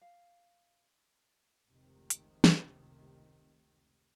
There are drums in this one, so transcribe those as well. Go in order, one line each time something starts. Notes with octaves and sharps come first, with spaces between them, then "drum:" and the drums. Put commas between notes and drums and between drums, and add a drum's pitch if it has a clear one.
F5
F1 C#2 C3 D#3
drum: hi-hat
drum: snare